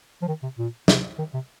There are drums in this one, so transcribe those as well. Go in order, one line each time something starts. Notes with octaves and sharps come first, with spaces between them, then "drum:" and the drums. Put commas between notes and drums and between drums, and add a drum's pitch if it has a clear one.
F3
D#3
C3
A#2
C3, drum: snare
D#3
C3